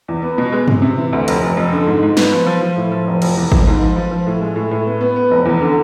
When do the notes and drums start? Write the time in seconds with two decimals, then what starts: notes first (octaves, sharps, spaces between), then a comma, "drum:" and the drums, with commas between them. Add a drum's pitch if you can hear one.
0.08 E2
0.22 B3
0.38 B2
0.52 G#3
0.68 C3, drum: tom G2
0.82 C3
0.98 E3
1.13 D2
1.28 F1, drum: hi-hat
1.42 F1
1.57 F2
1.72 D3
1.87 G#2
2.03 G#2
2.17 B3, drum: snare
2.33 F3
2.47 F3
2.61 F3
2.77 A2
2.92 F3
3.07 F1
3.22 F1, drum: cymbal
3.37 E2
3.52 F1, drum: kick
3.67 G#2
3.82 F3
3.96 F3
4.11 F3
4.27 A2
4.42 G#3
4.56 A2
4.71 A2
4.86 B3
5.01 B3
5.16 B3
5.31 F1
5.45 E2
5.61 D3